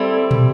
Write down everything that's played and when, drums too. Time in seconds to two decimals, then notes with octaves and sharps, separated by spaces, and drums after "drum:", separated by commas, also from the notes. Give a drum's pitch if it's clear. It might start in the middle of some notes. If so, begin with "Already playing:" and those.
Already playing: G3 C4 E4 A4
0.31 drum: tom